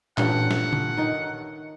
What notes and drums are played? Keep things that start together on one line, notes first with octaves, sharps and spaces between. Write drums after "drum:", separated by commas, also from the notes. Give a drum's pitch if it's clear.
A1 G2 A#2 F#5, drum: clap
drum: snare
drum: tom
D#3 D#4